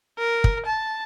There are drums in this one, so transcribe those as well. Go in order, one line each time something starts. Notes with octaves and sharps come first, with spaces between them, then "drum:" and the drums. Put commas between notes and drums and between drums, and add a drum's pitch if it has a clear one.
A#4
drum: kick
A5